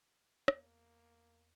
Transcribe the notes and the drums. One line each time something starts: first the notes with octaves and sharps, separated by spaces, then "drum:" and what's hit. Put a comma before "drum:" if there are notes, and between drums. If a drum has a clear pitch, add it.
E2 A#3, drum: rim click